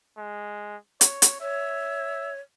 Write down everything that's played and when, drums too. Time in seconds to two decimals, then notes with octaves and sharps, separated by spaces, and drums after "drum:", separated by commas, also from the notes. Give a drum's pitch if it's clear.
0.18 G#3
1.01 C#5, drum: hi-hat
1.22 drum: hi-hat
1.41 C#5 E5